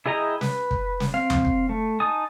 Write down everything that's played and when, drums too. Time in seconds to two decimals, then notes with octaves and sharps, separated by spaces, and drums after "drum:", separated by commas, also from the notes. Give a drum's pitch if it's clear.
0.06 E4 G#4 D#5 G5 A#5
0.41 B4, drum: snare
0.71 drum: kick
1.00 drum: snare
1.14 C4 F5
1.30 drum: tom D#2
1.45 drum: kick
1.69 A3
2.00 D#4 G#5 A5 D#6